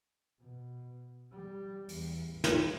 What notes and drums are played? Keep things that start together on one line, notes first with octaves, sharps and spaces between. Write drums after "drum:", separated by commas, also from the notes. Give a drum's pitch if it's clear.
B2
G3
E2, drum: open hi-hat
A1
drum: snare